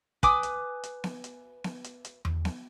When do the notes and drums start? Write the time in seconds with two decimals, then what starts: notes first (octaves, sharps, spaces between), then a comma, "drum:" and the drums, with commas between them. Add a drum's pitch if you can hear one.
0.23 B4 G#5 D6 D#6, drum: kick, hi-hat
0.43 drum: hi-hat
0.83 drum: hi-hat
1.04 drum: snare B3
1.24 drum: hi-hat
1.64 drum: snare B3
1.84 drum: hi-hat
2.05 drum: hi-hat
2.25 drum: tom E2
2.45 drum: snare B3